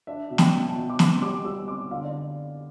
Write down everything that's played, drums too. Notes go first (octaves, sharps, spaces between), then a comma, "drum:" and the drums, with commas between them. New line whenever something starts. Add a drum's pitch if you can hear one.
D4 E5
B2
G5, drum: snare
B2
A5
B2
D6
C4 C6, drum: snare
G3 D6
G3 E6
C4 D6
D3 F5
D5